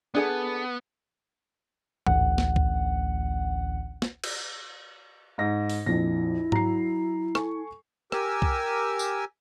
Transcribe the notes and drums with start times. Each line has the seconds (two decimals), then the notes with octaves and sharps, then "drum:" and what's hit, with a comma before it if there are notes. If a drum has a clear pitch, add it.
0.15 B3 D4 G#4 A4
2.07 A1 D2 F#5, drum: tom G#2
2.38 drum: snare
2.56 drum: kick C2
4.02 drum: snare
4.24 drum: cymbal
5.38 G#2 A#6
5.70 drum: open hi-hat
5.86 A#1 F2 E4 A#6
6.52 F#3 A#5 C7, drum: tom G#2
7.35 A4 G#5 C#6, drum: rim click
8.12 G4 A#4 G#5 E6, drum: rim click
8.42 drum: kick C2
8.99 drum: tambourine